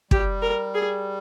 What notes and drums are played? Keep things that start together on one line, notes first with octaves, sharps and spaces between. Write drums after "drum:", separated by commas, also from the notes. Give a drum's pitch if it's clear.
G3 G4, drum: kick
A#4
G#4